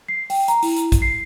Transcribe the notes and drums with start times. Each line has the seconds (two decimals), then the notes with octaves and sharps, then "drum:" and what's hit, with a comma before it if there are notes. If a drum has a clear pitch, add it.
0.09 C7
0.30 G5, drum: open hi-hat
0.48 A#5, drum: hi-hat
0.63 E4, drum: open hi-hat
0.77 drum: hi-hat
0.92 drum: kick, hi-hat
1.02 C7